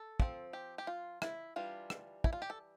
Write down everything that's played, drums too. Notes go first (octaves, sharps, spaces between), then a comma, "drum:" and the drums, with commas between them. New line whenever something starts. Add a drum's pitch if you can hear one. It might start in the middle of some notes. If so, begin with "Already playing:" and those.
Already playing: A4
F3 C4, drum: kick
G4
G4
F4
E4, drum: rim click
E3 G3 D4 F4
drum: rim click
E4, drum: kick
F4
G4
A4